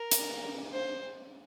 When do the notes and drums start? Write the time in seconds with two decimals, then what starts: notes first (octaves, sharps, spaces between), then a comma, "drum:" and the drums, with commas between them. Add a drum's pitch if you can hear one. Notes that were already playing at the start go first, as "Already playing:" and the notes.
Already playing: A#4
0.11 drum: hi-hat
0.72 C5